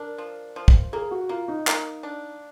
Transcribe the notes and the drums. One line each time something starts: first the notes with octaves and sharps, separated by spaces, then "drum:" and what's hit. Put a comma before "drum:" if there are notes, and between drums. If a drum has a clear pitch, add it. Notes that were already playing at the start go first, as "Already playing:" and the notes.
Already playing: D4 A#4
F3
F3
drum: kick
A#3 G#4
F#4
A#3 F4
D#4
A#3, drum: clap
D4